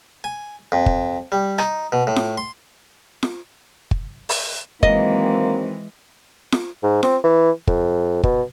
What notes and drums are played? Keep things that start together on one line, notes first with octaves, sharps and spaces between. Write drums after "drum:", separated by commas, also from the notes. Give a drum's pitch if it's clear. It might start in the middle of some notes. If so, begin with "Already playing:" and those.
G#5
F2
drum: kick
G3
D#4, drum: rim click
B2
A2
drum: snare F4
C6
drum: snare F4
drum: kick
drum: open hi-hat
D#3 E3 F#3 G#3 A#3 C4 D#5, drum: kick
drum: snare F4
G#2
C4, drum: snare F4
E3
F2, drum: kick
B2, drum: kick